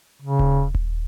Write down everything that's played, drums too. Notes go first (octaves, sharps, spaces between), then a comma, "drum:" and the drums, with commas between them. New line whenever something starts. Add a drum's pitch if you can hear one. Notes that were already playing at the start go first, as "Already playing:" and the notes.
C#3
drum: kick D#1
drum: kick D#1